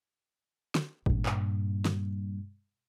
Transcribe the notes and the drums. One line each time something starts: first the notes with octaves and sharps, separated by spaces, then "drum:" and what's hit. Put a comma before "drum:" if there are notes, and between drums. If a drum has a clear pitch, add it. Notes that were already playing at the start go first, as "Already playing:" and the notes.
drum: snare
G2 A#2, drum: kick
drum: clap
drum: snare